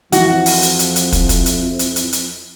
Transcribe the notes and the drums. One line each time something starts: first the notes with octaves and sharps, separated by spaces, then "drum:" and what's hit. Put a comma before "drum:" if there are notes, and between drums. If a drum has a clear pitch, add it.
F2 E3 F3 F#4, drum: hi-hat
drum: open hi-hat
drum: hi-hat
drum: hi-hat
drum: hi-hat
drum: kick, hi-hat
drum: kick, hi-hat
drum: hi-hat
drum: hi-hat
drum: hi-hat
drum: hi-hat